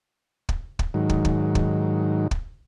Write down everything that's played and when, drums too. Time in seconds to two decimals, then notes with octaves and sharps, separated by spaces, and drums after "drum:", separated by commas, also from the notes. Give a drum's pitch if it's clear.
0.49 drum: kick
0.79 drum: kick
0.94 G#2 D#3 F#3
1.09 drum: kick
1.25 drum: kick
1.55 drum: kick
2.31 drum: kick